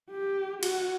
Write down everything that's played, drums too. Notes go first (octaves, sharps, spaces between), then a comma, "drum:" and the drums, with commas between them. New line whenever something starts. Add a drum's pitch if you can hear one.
G4
F#4, drum: cymbal